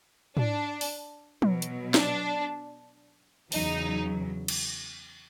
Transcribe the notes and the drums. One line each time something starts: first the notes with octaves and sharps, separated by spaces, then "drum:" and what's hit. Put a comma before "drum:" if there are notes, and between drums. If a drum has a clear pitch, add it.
D4, drum: tom
drum: open hi-hat
B2 F#3, drum: tom
drum: hi-hat
D4, drum: snare
E2 C#3 F#3 D#4, drum: open hi-hat
drum: cymbal